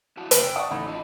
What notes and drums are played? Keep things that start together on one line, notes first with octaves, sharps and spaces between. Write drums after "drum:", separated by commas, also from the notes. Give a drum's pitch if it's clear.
E4 F#4 A5
F#1 C3 A#3, drum: hi-hat
G5
D5 F#5 A5 C#6 D#6
A1 D#3 A3 B5
F4 D#5